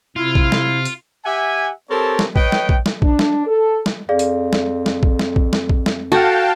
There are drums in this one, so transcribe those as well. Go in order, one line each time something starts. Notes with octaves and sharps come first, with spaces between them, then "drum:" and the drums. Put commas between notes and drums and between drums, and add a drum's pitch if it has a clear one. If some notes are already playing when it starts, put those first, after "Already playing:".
C3 E4 F4 F6
drum: kick A#1
drum: snare
drum: hi-hat
G4 E5 F#5 G#5
C4 G4 A4 A#4 C#5 A5
drum: snare
B4 C#5 D#5 G5, drum: kick A#1
drum: snare
drum: kick A#1
drum: snare
D4, drum: kick A#1
drum: snare
A4
drum: snare
F2 G#4 D5 F5
drum: hi-hat
drum: snare
drum: snare
drum: kick A#1
drum: snare
drum: kick A#1
drum: snare
drum: kick A#1
drum: snare
F#4 A4 F5 G5 A5